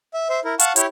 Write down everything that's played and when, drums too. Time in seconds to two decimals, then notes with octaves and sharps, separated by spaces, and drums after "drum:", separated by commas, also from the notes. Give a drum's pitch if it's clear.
0.14 E5
0.30 C5 E5
0.45 E4 A#4
0.59 F5 F#5 A5 C#6, drum: hi-hat
0.76 E4 G4 C#5, drum: hi-hat